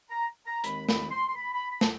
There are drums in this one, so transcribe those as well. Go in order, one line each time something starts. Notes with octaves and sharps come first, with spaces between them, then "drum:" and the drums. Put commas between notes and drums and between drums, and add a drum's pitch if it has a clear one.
A#5
A#5
D#2 D#3 G#3 C4 B5, drum: hi-hat
B5, drum: snare
C6
C6
B5
B5
B5
A5, drum: snare